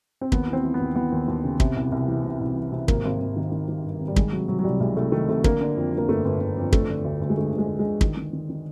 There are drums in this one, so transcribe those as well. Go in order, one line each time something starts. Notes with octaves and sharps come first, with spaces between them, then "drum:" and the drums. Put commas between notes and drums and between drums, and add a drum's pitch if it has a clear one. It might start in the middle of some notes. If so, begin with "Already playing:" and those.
C4
D#2 B3, drum: kick
E3
C4
E3
B3
D#2
E3 B3
D#2
D#2
C#3
C3, drum: kick
C2
C2
E3
C3
C2
E3
C3
G#1 A#3, drum: kick
G#1
G#1
D#3
D#3
D#3
G2
G#1
G3
D#3 G#3, drum: kick
C3 F#3
C3 F#3
F#3
C2 G3
C2 G#3
C2 A3
D#3 A3
C3 A3
D3 A#3, drum: kick
D3
F2
D3 A#3
G1 A3
G1
G1
F2
D3 A3, drum: kick
D3
D2
D2
G#3
D3 A3
D3
G#3
D2
G#3
D3
D#3, drum: kick
D#3
D#3
D#3